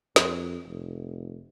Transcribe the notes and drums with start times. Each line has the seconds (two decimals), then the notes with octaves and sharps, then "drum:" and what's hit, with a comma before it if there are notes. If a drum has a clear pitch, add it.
0.16 F2, drum: snare
0.68 F1